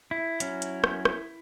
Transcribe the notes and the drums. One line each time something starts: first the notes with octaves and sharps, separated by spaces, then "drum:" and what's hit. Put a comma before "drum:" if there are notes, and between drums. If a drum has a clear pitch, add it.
E4
F#3 C#4, drum: hi-hat
drum: hi-hat
drum: rim click
drum: rim click